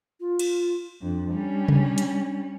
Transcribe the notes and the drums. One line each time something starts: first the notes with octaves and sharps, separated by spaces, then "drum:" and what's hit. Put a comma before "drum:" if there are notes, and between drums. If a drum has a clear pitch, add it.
F4
drum: cymbal
F2 D4
G3 C#4
drum: tom C3
drum: hi-hat